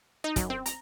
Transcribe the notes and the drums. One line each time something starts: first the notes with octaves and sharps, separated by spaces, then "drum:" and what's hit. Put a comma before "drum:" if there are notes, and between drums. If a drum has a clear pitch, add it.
D#4
F#2, drum: kick, hi-hat
C4
A#5, drum: hi-hat